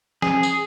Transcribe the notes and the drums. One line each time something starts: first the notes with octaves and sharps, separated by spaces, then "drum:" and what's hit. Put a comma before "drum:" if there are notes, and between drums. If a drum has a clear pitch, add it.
G#4, drum: snare
drum: tambourine